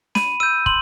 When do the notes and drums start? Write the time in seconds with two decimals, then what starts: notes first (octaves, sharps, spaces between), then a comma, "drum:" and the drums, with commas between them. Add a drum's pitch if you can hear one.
0.15 B5 D#7, drum: snare
0.40 E6 G6 D#7
0.66 C6 F#7, drum: kick